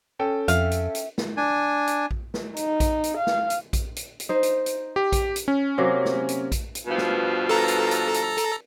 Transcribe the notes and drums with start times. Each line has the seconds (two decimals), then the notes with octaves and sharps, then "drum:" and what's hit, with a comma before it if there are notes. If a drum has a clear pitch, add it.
0.19 C#4 A4 G5
0.48 F2 E5 F5, drum: hi-hat
0.71 drum: hi-hat
0.95 drum: hi-hat
1.18 drum: snare
1.37 D4 G#5
1.87 drum: hi-hat
2.11 drum: kick A#1
2.34 drum: snare
2.56 D#4, drum: hi-hat
2.80 drum: kick A#1, hi-hat
3.04 drum: hi-hat
3.17 F5
3.27 drum: snare
3.50 drum: hi-hat
3.73 drum: kick A#1, hi-hat
3.96 drum: hi-hat
4.20 drum: hi-hat
4.29 D#4 C5
4.43 drum: hi-hat
4.66 drum: hi-hat
4.96 G4
5.12 drum: kick A#1, hi-hat
5.36 drum: hi-hat
5.48 C#4
5.78 C3 F#3 A#3
6.05 drum: snare
6.29 drum: hi-hat
6.52 drum: kick A#1, hi-hat
6.75 drum: hi-hat
6.86 G2 B2 F3
6.98 drum: snare
7.49 A4 A#5
7.68 drum: hi-hat
7.91 drum: hi-hat
8.14 drum: hi-hat
8.37 drum: hi-hat